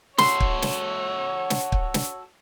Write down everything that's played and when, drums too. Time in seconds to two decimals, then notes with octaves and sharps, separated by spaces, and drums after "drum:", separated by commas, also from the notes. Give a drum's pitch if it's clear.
0.18 F#4 A4 C#5 C6, drum: snare
0.40 drum: kick
0.62 drum: snare
1.50 drum: snare
1.72 drum: kick
1.94 drum: snare